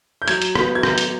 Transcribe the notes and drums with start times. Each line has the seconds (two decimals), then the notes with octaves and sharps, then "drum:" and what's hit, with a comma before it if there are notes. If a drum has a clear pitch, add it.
0.22 G6
0.28 F#3 G#6, drum: hi-hat
0.42 drum: hi-hat
0.55 B3, drum: rim click
0.75 G#6
0.83 F#3 G6, drum: rim click
0.98 drum: hi-hat